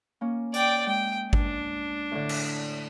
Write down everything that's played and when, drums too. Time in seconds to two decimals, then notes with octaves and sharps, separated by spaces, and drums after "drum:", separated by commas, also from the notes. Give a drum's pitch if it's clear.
0.21 A#3 C#4
0.54 D5 G5, drum: hi-hat
0.86 G#3 G5
1.33 D4, drum: kick G#1
2.12 A2 D3
2.29 drum: cymbal